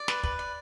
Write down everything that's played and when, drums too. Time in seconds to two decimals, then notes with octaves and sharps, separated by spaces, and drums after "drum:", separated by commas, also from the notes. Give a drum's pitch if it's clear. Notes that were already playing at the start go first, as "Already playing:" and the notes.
Already playing: D5
0.08 B4, drum: snare
0.23 B4, drum: kick
0.39 D5